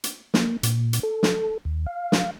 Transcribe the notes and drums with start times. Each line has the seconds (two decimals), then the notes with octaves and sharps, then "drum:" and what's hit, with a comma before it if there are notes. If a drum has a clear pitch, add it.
0.04 drum: hi-hat
0.34 A#3, drum: snare
0.63 A#2, drum: hi-hat
0.93 drum: hi-hat
1.03 A4
1.23 drum: snare
1.65 D#2
1.86 F5
2.12 drum: snare